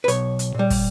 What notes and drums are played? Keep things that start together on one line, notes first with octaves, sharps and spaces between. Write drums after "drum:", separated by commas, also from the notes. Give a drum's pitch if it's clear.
B4
B1 C#5, drum: hi-hat
drum: hi-hat
A#2 G3
drum: kick, open hi-hat